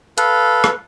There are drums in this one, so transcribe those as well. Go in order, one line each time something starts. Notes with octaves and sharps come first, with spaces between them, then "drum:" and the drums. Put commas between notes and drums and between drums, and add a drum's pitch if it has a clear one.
A4 B4 F5, drum: hi-hat
drum: rim click